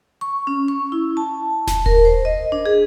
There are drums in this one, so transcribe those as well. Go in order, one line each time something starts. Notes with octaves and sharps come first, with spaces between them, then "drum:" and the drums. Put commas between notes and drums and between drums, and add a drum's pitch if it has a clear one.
C#6
C#4
C#6
E4
A5
drum: snare E1
A#4, drum: kick D#1
C5
D#5
D4
G#4